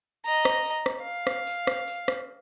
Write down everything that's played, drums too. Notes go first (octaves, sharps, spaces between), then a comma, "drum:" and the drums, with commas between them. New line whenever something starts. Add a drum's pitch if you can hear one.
D#5 A#5, drum: tambourine
drum: rim click
drum: tambourine
drum: rim click
F5
drum: rim click
drum: tambourine
drum: rim click
drum: tambourine
drum: rim click